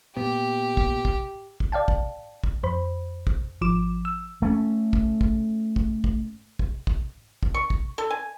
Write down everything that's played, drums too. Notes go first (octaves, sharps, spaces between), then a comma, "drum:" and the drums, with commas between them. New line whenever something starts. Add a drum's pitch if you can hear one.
A#2 B3 G4
drum: kick
drum: kick
drum: kick
D5 F5 G5 A5
drum: kick
drum: kick
F2 C5 B5
drum: kick
G#1 F3 D6 E7
E6
A3 C#4
drum: kick
drum: kick
drum: kick
drum: kick
drum: kick
drum: kick
drum: kick
C#6
drum: kick
A4
G#5